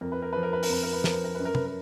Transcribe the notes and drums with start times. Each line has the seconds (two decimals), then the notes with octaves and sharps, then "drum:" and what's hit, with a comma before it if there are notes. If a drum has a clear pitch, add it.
0.01 F2 A#4
0.12 B4
0.22 A#4
0.33 F3 B4
0.43 A#4
0.53 B4
0.63 A#4, drum: open hi-hat
0.70 F2 B4
0.83 A#4
0.93 B4
1.04 F3 A#4, drum: snare
1.14 B4
1.24 A#4
1.35 F#2 B4
1.45 A#4
1.55 B4, drum: tom
1.65 A#4